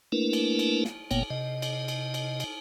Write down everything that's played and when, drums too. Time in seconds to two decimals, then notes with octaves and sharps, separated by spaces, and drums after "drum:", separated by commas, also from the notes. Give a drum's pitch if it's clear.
0.12 A3 A#3 D4 E4 A#4 B4
0.33 drum: cymbal
0.59 drum: cymbal
0.85 drum: snare
1.11 F#1 A#2 A#3 B3 C#5 G5, drum: cymbal
1.30 C3 D#5
1.62 drum: cymbal
1.88 drum: cymbal
2.14 drum: cymbal
2.40 drum: cymbal